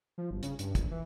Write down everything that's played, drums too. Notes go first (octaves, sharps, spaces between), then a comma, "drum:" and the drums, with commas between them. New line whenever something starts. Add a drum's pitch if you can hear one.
F3
G1
C#3, drum: hi-hat
G2, drum: hi-hat
A#1, drum: kick, hi-hat
E3